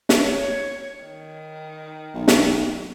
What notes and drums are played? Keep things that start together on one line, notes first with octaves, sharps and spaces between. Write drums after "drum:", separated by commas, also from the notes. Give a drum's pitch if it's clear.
drum: snare
C#5
D#3
B1
drum: snare